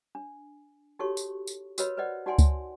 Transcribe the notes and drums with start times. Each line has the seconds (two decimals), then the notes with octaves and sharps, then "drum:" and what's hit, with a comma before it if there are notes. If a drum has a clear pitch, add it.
0.15 D4
0.99 D#4 F#4 G4 A4 C#5 C#6
1.17 drum: tambourine
1.47 drum: tambourine
1.78 F#4 A#4 B4 C#5 D#5 B5, drum: tambourine
1.97 B4 C5 D5 D#5 F#5
2.26 D#4 F#4 D5 F#5 G#5 C6
2.39 drum: kick C#2, tambourine